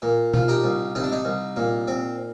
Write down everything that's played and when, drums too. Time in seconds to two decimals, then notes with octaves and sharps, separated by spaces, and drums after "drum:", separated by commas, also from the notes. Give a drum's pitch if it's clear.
0.02 A#2
0.34 F3, drum: tom B2
0.48 D#4 G4
0.64 C2
0.95 C2 D#4
1.03 D4
1.12 D#4
1.25 C2
1.56 A#2
1.88 C4